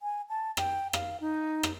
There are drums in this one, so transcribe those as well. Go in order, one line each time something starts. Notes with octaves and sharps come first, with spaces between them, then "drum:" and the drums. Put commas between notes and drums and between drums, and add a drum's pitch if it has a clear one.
G#5
A5
G5, drum: rim click
F5, drum: rim click
D#4
drum: rim click